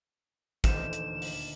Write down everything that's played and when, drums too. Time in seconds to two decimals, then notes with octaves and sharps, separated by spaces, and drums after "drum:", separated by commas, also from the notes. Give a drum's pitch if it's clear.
0.64 D#1 D2 E3 C5 G6 E7, drum: kick, hi-hat
0.93 drum: hi-hat
1.22 drum: open hi-hat